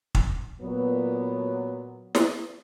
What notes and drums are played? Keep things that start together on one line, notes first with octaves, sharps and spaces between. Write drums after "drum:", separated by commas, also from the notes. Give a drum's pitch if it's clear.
drum: kick
A#2 F#3 B3
drum: snare